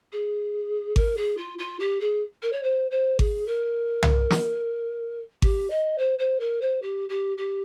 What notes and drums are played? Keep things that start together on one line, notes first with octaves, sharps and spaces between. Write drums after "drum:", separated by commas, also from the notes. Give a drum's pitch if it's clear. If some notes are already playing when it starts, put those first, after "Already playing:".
G#4
A#4, drum: kick G#1
G#4
F4
F4
G4
G#4
A#4
C#5
C5
C5
G#4, drum: kick G#1
A#4
drum: tom
drum: snare
G4, drum: kick G#1
D#5
C5
C5
A#4
C5
G4
G4
G4